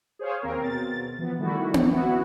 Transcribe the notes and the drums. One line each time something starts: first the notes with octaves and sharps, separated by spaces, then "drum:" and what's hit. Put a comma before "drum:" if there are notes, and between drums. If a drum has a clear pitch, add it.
G#4 C5 C#5 F5
D#2 C4 A#4
B2 A6
E3 F3 B3
D#3 G3 A3 E4 F#4
drum: tom B3
B3 E4 F#4